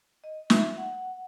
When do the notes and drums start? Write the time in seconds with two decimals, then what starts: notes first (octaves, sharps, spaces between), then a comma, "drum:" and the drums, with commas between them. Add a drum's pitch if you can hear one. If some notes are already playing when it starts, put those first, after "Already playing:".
0.24 D#5
0.50 E5, drum: snare
0.77 F#5